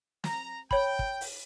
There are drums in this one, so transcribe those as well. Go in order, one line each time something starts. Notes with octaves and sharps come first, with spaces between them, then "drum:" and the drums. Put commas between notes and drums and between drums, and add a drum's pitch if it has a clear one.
A#5, drum: snare
C#5 G5 B5, drum: kick
drum: kick
drum: open hi-hat